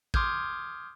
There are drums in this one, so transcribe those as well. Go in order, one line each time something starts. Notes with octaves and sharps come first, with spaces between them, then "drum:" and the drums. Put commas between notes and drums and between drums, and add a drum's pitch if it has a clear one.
C6 D6 D#6 F6 G6 G#6, drum: kick A1